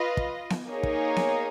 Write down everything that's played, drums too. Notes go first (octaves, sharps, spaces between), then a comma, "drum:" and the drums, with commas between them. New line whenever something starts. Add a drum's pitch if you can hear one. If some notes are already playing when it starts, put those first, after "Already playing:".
Already playing: F4 B4 D#5
drum: kick
drum: snare B3
A#3 D#4 G#4 C#5
drum: kick
drum: snare B3